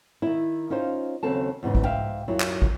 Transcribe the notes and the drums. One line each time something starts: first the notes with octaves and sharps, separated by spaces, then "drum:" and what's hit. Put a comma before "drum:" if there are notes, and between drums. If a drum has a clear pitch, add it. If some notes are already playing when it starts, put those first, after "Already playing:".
D#3 E4
C#4 D#4 F4 C5
D#2 C#3 F#3 C4 A4 A5
E2 G#2 C#3 E3
drum: kick
G#2 E5 F5 G5
F#2 F#3 E4 F4
drum: clap
drum: kick